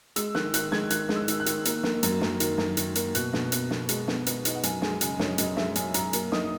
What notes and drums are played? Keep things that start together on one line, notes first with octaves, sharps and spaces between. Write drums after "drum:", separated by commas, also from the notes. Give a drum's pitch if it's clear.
G#3 E6, drum: hi-hat
D#3 F#6, drum: snare
D#3 F#6, drum: hi-hat
G#3 G#6, drum: snare
D#3 F#6, drum: hi-hat
G#3, drum: snare
E6
D#3, drum: hi-hat
F#6
D#3, drum: hi-hat
A#3, drum: hi-hat
A#3, drum: snare
F#2, drum: hi-hat
F#2, drum: snare
D#3, drum: hi-hat
F#2, drum: snare
D#3, drum: hi-hat
A#3, drum: hi-hat
B2 F#6, drum: hi-hat
B2, drum: snare
B3, drum: hi-hat
B3, drum: snare
G#3, drum: hi-hat
B3, drum: snare
B3, drum: hi-hat
D#4, drum: hi-hat
F#5
F#2 G#5, drum: hi-hat
G#3 G#5, drum: snare
C#3 G#5, drum: hi-hat
F#2 C#5, drum: snare
F#2 D#5, drum: hi-hat
G#3 E5, drum: snare
F#2 G#5, drum: hi-hat
F#2 A#5, drum: hi-hat
A#3, drum: hi-hat
D#4 D#6, drum: snare